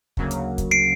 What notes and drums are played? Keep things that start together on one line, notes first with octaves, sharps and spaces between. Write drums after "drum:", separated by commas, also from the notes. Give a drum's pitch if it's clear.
D2 C#3 F#3 A#3, drum: kick
drum: hi-hat
drum: kick, hi-hat
C7 D7